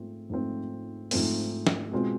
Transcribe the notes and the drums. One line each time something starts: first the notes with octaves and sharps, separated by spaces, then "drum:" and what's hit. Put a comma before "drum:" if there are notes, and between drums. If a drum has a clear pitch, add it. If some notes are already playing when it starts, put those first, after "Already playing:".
Already playing: G#2 F3 A3 C4
G#2 F3 A3 C4
G#2 F3 A3 C4, drum: open hi-hat
drum: snare
B2 G#3 C4 F4